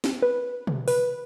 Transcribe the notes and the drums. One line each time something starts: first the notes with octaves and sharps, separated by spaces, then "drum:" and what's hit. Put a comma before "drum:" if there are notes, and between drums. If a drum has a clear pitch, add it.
drum: snare
B4
drum: tom B2
B4, drum: open hi-hat